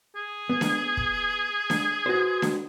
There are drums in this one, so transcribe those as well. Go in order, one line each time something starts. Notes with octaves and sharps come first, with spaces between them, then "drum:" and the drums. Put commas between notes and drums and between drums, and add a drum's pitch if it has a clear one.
G#4
B3
drum: snare D4
drum: kick
drum: snare D4
F#4 B4 C5
drum: snare D4